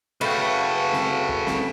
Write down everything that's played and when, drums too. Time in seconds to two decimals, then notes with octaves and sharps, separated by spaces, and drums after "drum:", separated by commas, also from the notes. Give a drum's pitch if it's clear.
0.21 C#3 A3 F#4 B4 F5 G5
0.93 drum: snare C4
1.29 drum: kick
1.47 drum: snare C4